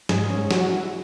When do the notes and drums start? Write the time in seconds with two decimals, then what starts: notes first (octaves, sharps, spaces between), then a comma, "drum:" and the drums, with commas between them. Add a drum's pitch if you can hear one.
0.09 G#2 G#4, drum: snare
0.30 C#4
0.51 F#3 F#4, drum: snare
0.71 E4